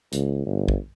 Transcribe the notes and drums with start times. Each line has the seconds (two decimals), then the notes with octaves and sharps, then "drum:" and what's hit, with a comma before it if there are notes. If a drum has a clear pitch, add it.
0.13 C#2, drum: hi-hat
0.46 G1
0.68 drum: kick